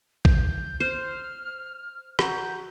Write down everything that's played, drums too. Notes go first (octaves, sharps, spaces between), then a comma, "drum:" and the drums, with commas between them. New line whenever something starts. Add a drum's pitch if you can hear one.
G6, drum: kick A#1
C5 F6
F#4 A#5 E6 G6, drum: rim click